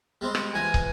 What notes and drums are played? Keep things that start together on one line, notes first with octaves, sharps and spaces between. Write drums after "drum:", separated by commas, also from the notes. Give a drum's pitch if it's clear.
G3 G#3 C4
drum: rim click
C#2 E3 G#5 A#5
drum: kick